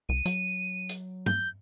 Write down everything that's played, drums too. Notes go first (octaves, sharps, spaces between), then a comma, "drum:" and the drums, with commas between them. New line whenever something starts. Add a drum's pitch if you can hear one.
C2 D#7
F#3, drum: hi-hat
drum: hi-hat
G6, drum: tom G2